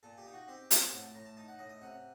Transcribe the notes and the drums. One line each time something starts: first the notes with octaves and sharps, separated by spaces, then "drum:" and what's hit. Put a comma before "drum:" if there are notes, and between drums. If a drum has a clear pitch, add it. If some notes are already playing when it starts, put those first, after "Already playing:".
A#2 A4
G4
D#4
F#4
C4 G4
C4, drum: hi-hat
A2 F#5
A5
A2 A#5
A5
D#4 A5
F#5
A2 D#5
D#5
C3 F#5